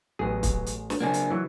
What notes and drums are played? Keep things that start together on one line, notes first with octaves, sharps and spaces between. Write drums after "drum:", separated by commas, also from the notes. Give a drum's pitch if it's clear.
A1 F#3 B3 G#4
drum: kick, hi-hat
drum: hi-hat
drum: snare
C#2 F#3 A#3 C4 D4 G#4
drum: hi-hat
E3 F#3